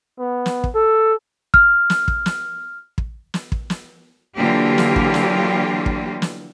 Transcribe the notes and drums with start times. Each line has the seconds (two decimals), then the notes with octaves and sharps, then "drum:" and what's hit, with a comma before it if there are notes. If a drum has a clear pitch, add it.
0.19 B3
0.46 drum: snare
0.64 drum: kick
0.75 A4
1.54 F6, drum: kick
1.90 drum: snare
2.08 drum: kick
2.26 drum: snare
2.98 drum: kick
3.34 drum: snare
3.52 drum: kick
3.70 drum: snare
4.37 D3 E3 F#3 A#3 F4 G4
4.78 drum: snare
4.96 drum: kick
5.14 drum: snare
5.86 drum: kick
6.22 drum: snare